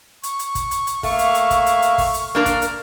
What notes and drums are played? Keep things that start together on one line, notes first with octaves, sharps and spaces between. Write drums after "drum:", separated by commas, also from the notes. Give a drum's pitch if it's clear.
C#6, drum: hi-hat
drum: hi-hat
drum: kick, hi-hat
drum: hi-hat
drum: hi-hat
A3 A#3 E5 F5, drum: kick, open hi-hat
drum: hi-hat
drum: hi-hat
drum: kick, hi-hat
drum: hi-hat
drum: hi-hat
drum: kick, open hi-hat
drum: hi-hat
A#3 D4 A#4
drum: kick, hi-hat
drum: hi-hat